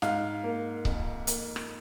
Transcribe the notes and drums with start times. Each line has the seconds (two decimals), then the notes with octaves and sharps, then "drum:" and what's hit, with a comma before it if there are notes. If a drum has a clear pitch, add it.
0.02 G#2 F5, drum: snare
0.44 A#3
0.85 F2, drum: kick C#1
1.27 A#3, drum: hi-hat
1.56 drum: rim click